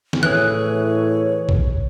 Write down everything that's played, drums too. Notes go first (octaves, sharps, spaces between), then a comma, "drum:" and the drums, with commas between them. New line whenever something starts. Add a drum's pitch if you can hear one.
drum: snare
A2 E3 G#4 C#5 F#6
drum: kick